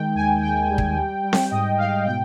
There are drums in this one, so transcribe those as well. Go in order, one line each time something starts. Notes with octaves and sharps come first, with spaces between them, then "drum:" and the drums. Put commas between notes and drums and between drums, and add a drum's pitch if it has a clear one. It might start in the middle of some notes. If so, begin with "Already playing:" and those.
Already playing: D#3 G#3 G5
D#2 G#5
D#2 G5
G3
drum: kick
G3
G3
drum: snare C4
G#2 D#5
G#2 F5
B2 G5